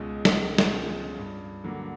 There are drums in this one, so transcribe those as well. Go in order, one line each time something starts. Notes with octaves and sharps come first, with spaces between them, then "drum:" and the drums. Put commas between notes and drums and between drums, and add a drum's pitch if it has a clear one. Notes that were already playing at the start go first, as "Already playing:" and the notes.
Already playing: C#2 B2 G#3 C#4 F4
C#2, drum: snare
drum: snare
B2 G#3 C#4 F4
G2
D3 F#3 A#3